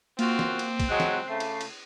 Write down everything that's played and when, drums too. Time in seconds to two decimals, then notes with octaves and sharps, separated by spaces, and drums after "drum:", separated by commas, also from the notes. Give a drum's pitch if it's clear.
0.19 A#3 C4 F4 F#4, drum: cymbal
0.39 drum: snare
0.59 drum: cymbal
0.80 drum: kick, cymbal
0.89 F#3 G#3 F#6
1.00 drum: snare
1.28 C#3 A3 C7
1.40 drum: cymbal
1.61 drum: cymbal